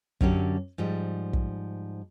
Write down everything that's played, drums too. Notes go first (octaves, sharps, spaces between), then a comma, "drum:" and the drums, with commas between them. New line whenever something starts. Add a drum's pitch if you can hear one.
F#2 D3 F#3 C#4 G4, drum: kick
G#2 F3 G3
drum: kick